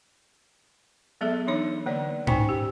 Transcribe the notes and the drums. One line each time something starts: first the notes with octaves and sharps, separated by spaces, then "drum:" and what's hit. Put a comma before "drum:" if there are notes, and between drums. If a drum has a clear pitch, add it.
F#3 G#3 B3 G#4 A4 E5
E3 D4 D#4 C#5
D3 A#3 C#5 D5
C#4 D#4 C5 G5 G#5 C#6, drum: tom G#2
G4